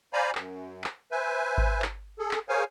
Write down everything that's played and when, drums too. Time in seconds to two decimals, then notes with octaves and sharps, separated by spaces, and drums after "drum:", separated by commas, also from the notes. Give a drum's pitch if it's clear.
0.13 C5 D5 F5 G#5 A#5 B5
0.35 F#2, drum: clap
0.84 drum: clap
1.11 B4 C5 E5 G#5
1.58 drum: kick G#1
1.82 drum: clap
2.19 G#4 A4
2.31 drum: clap
2.49 G#4 A#4 C5 C#5 F5 G#5